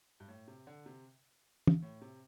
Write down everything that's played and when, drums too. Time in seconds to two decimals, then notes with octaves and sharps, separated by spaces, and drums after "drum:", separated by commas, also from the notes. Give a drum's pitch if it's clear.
0.20 G2
0.28 A2
0.48 C3
0.67 D3
0.86 C3
1.67 drum: tom
1.82 A2
2.01 C3